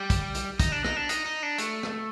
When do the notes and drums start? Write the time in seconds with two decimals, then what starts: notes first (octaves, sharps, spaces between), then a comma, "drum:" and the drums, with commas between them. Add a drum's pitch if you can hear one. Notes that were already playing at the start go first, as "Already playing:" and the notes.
Already playing: G3
0.10 drum: kick, hi-hat
0.35 drum: hi-hat
0.60 D#4, drum: kick, hi-hat
0.72 D4
0.84 D#4, drum: rim click
0.96 D4
1.09 D#4, drum: hi-hat
1.25 D#4
1.43 D4
1.58 A3, drum: hi-hat
1.83 drum: rim click